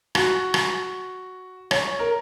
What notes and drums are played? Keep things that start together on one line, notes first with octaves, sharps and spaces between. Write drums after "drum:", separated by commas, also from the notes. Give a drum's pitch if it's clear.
F#4, drum: rim click
drum: rim click
C#5, drum: rim click
A#4